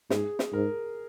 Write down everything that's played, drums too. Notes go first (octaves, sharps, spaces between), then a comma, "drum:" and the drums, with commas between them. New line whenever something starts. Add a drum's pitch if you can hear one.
G#2 G#4, drum: snare
drum: snare
G#2 A#4